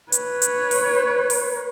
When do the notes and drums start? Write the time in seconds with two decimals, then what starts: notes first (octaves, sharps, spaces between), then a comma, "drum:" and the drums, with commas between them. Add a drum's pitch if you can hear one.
0.12 B4 C#5, drum: hi-hat
0.42 drum: hi-hat
0.71 drum: open hi-hat
1.30 drum: open hi-hat